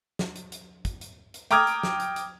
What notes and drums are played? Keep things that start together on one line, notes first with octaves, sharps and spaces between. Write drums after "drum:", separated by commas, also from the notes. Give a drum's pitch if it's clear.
drum: snare
drum: hi-hat
drum: hi-hat
drum: kick, hi-hat
drum: hi-hat
drum: hi-hat
G5 A#5 D6 D#6 F6 G#6, drum: hi-hat
drum: hi-hat
drum: snare
drum: hi-hat
drum: hi-hat